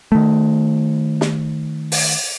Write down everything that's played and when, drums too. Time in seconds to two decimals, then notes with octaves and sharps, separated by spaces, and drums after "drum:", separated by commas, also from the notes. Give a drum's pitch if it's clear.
0.12 D#3 A3
1.21 drum: snare
1.92 drum: open hi-hat